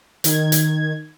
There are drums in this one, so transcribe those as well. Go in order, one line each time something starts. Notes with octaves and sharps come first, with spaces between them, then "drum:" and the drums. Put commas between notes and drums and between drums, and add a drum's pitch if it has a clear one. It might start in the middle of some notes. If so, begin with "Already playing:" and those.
D#3 G#6, drum: hi-hat
drum: hi-hat